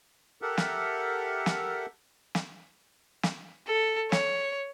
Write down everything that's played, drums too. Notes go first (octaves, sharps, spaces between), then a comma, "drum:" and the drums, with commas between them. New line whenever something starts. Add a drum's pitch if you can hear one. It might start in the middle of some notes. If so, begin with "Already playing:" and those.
G4 A4 A#4 E5 F#5
drum: snare
drum: snare
drum: snare
drum: snare
A4
C#5, drum: snare